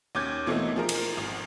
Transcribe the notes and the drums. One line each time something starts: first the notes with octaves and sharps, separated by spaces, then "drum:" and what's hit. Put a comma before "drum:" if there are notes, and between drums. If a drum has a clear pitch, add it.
D#2 C#4 D6 G6 G#6
B2 E3 A3 A#3 C4 D#4
F3 G#4 A#4
drum: cymbal
G#1